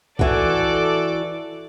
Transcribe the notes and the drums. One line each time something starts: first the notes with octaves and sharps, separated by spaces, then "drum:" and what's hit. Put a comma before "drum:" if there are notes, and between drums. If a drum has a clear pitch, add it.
E3 F#4 A4 D5 D6, drum: kick B1